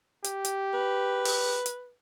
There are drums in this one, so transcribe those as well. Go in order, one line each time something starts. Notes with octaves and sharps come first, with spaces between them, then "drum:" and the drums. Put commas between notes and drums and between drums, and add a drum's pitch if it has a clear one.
G4, drum: hi-hat
drum: hi-hat
B4
drum: open hi-hat
drum: hi-hat